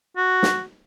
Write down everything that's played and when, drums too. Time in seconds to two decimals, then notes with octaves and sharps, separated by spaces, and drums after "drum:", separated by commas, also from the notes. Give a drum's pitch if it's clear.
0.17 F#4
0.43 drum: snare